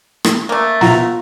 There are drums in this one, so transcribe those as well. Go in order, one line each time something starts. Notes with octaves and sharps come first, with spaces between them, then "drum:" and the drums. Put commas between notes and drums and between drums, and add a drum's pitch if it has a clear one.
drum: rim click
A3 A#3
F4 F#5 A#5, drum: snare